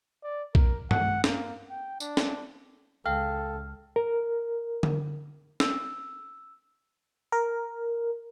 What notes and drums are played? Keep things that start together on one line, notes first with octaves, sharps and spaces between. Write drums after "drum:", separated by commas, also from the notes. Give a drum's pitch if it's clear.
D5
A#4, drum: kick
F#5, drum: tom
A#3, drum: snare
G5
D4, drum: tambourine
drum: snare
C#2 A4 F5 G5 F6
A#4
drum: tom D3
E6, drum: snare
A#4